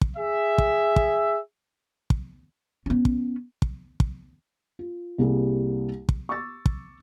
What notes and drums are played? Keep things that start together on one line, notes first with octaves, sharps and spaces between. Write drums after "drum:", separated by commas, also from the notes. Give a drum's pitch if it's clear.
drum: kick
G#4 E5
drum: kick
drum: kick
drum: kick
B3 C#4
drum: kick
drum: kick
drum: kick
F4
C2 G3 A#3 G#4
drum: kick
C#6 D6 E6 A6
drum: kick